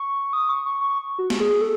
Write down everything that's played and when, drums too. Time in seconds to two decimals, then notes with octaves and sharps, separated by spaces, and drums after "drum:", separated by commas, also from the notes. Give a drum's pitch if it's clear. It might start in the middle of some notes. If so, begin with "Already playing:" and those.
Already playing: C#6
0.33 D#6
0.49 C#6
0.66 C#6
0.81 C#6
1.18 F#4
1.30 drum: snare
1.40 G#4
1.61 A4